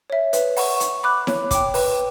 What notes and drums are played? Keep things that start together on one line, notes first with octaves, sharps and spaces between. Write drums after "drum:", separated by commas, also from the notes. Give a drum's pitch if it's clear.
C#5 E5
B4, drum: hi-hat
F#5 C#6, drum: open hi-hat
F#5, drum: hi-hat
B5 D6 F#6
C#5, drum: snare E4
G5 D6, drum: kick, hi-hat
B4, drum: open hi-hat